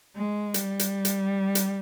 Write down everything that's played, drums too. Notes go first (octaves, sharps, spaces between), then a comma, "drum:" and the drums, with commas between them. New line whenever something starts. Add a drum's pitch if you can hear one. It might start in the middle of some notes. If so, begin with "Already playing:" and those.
G#3
G3, drum: hi-hat
drum: hi-hat
drum: hi-hat
drum: hi-hat